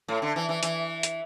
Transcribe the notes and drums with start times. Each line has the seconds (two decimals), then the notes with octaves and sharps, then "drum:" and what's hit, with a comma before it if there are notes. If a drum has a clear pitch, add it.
0.08 A2
0.22 D3
0.36 E3
0.49 E3
0.63 E3, drum: hi-hat
1.03 drum: hi-hat